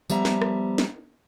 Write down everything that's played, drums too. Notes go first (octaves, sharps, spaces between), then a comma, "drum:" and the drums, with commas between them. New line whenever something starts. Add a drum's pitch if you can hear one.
F3 G3 B3 E5 A#5, drum: tambourine
drum: snare
drum: rim click
drum: snare